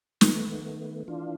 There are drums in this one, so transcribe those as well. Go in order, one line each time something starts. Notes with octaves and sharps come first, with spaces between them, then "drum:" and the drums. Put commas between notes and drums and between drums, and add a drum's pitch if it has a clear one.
D#3 A3 B3, drum: snare
E3 D4 F4